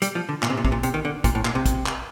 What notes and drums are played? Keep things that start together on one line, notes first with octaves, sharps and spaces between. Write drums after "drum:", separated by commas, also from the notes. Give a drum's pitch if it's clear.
G3, drum: hi-hat
F3
D3
A#2, drum: clap
C3
A#2
C3, drum: kick
A#2
C3, drum: hi-hat
D#3
D3
A#2, drum: kick, hi-hat
A2
A#2, drum: clap
C3
drum: kick, hi-hat
drum: clap